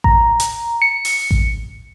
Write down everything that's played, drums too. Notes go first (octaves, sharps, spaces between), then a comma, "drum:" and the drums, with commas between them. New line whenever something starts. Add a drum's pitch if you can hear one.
A#5, drum: kick A1
drum: hi-hat
C#7
drum: open hi-hat
drum: kick A1